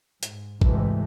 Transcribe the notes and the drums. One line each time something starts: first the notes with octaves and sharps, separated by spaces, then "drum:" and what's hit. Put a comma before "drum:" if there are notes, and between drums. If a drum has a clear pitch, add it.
G#2, drum: hi-hat
D2 G#2 C3 E3 G#3 A3, drum: kick G#1